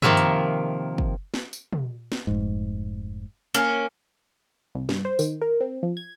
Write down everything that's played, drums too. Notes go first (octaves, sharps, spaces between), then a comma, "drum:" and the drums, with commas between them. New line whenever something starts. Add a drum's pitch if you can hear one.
C3 D#3 F3 A#3 E5, drum: tom
drum: hi-hat
drum: kick
drum: snare
drum: tambourine
drum: tom
drum: snare
F1 G#2
A#3 C#4
C2
G2, drum: snare
C5
D#3, drum: tambourine
A#4
C4
F3
G#6